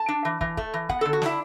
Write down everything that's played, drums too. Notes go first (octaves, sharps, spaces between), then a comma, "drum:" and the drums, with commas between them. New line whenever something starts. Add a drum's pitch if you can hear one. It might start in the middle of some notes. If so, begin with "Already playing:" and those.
Already playing: A5
D4
E3
E3, drum: kick
A3, drum: kick
E3
B3 F#5, drum: kick
D3 A4
F#4
D4 E4, drum: snare